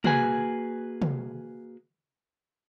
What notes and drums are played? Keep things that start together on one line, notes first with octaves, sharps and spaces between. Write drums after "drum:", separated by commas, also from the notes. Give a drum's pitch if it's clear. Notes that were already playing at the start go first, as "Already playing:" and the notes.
A#3 F#4 G#4 B4 G#5, drum: tom
drum: tom